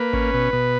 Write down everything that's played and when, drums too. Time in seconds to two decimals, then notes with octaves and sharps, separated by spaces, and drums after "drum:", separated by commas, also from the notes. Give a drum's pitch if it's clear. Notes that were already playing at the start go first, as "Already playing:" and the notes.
Already playing: A#3 B4
0.13 C#4, drum: kick G#1
0.34 B2
0.53 B2